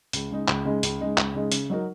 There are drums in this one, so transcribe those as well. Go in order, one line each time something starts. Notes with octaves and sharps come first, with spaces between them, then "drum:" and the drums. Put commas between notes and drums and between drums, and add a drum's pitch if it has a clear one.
C#2, drum: hi-hat
C#3 G#3 D#4
C#2, drum: clap
C#3 G#3 D#4
C#2, drum: hi-hat
C#3 G#3 D#4
C#2, drum: clap
C#3 G#3 D#4
C#3, drum: hi-hat
F#3 D#4 F#4 A#4